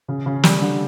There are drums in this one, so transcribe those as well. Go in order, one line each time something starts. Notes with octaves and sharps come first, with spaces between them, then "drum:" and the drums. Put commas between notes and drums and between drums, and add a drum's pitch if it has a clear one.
C#3
C#3
G3, drum: snare
D3